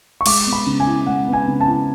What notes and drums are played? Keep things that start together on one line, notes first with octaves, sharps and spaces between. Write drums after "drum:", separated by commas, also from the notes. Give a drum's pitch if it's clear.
C#6
G#3 D6, drum: cymbal
B3
B5
C#3
G#5
E4
G#3 F#5
B3
G#5
C#3
A5
E4